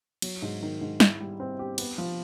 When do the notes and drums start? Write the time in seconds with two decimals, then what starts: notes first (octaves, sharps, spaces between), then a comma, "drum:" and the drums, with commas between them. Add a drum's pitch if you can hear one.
0.22 F#3, drum: cymbal
0.42 G#2
0.62 D#3
0.81 G#2
1.00 E4, drum: snare
1.20 G3
1.40 C4
1.59 G4
1.78 B3, drum: cymbal
1.98 F3